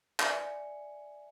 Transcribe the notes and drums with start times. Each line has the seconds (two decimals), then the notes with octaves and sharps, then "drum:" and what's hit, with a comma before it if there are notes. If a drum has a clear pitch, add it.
0.20 D5 E5 G#5 C#7, drum: clap